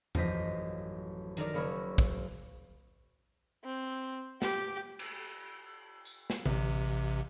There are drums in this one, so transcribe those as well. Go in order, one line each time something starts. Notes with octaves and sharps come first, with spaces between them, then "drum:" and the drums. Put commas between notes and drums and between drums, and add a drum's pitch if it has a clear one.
A1 F#2 F3 C5 D#5 B6, drum: tom E2
D#3 D#4 A#4 D5, drum: hi-hat
F#1 A#3 C#5 B5 D#6 E6
drum: kick
C4
G4, drum: snare
drum: cymbal
drum: tambourine
drum: snare
A1 C3, drum: tom D3